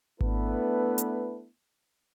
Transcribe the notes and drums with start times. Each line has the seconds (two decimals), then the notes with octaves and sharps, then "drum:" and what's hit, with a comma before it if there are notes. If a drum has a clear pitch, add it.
0.21 A3 B3 D4 E4 A4 B4, drum: kick G#1
0.98 drum: hi-hat